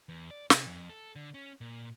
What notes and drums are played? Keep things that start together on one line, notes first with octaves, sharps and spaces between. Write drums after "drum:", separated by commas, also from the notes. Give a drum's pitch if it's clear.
E2
D5
C3, drum: snare
F2
A4
D3
C#4
A#2